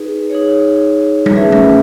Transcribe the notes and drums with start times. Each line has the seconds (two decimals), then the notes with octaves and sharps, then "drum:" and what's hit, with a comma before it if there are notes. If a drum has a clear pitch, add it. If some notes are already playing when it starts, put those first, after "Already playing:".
Already playing: D#4 G#4 B4
0.30 D#4 G#4 C#5
1.26 drum: tom G3
1.35 A3 C#4 G#4 B4 E5
1.52 drum: tom G3